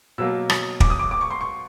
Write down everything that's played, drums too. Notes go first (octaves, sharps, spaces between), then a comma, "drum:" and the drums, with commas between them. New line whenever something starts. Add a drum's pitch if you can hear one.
B2 F#3 A#3 E6
D#6, drum: rim click
D6, drum: kick
D#6
D6
D6
C#6
C6
C#6